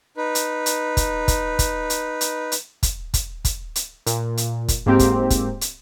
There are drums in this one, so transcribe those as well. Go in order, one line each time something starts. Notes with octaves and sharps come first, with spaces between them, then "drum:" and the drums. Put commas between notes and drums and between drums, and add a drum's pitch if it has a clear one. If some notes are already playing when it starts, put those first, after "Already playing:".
D#4 B4
drum: hi-hat
drum: hi-hat
drum: kick, hi-hat
drum: kick, hi-hat
drum: kick, hi-hat
drum: hi-hat
drum: hi-hat
drum: hi-hat
drum: kick, hi-hat
drum: kick, hi-hat
drum: kick, hi-hat
drum: hi-hat
A#2, drum: hi-hat
drum: hi-hat
drum: kick, hi-hat
G#2 A#3 C4 G4
drum: kick, hi-hat
drum: kick, hi-hat
drum: hi-hat